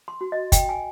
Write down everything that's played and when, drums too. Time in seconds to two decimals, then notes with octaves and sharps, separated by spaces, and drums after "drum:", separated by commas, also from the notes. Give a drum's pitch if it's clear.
0.08 C6
0.21 F#4
0.32 D#5
0.52 G5, drum: kick, hi-hat
0.69 G#5